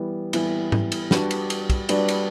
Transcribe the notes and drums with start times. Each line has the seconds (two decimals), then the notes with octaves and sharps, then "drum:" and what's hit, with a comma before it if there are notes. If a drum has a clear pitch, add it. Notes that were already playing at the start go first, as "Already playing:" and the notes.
Already playing: E3 G3 B3 E4
0.33 E3 G3 B3 E4, drum: cymbal
0.72 drum: tom G#2
0.92 drum: cymbal
1.11 G3 D4 F#4 B4 D5, drum: snare
1.31 drum: cymbal
1.50 drum: cymbal
1.70 drum: kick, cymbal
1.89 G3 D4 F#4 B4 D5, drum: cymbal
2.08 drum: cymbal